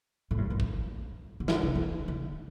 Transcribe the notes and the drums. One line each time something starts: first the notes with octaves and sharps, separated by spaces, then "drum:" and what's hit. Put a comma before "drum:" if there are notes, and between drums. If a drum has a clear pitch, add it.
A2
G2
F#2
drum: kick
D3
E3, drum: snare
D3
C#3
E3
D3